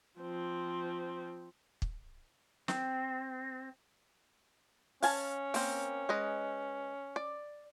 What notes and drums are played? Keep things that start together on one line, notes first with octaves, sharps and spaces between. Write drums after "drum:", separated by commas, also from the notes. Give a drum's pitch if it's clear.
F3 C4
drum: kick
C4, drum: snare
C#4 F5 G#5 A5, drum: open hi-hat
A#3 C4, drum: open hi-hat
G#3 B4 D#5
D5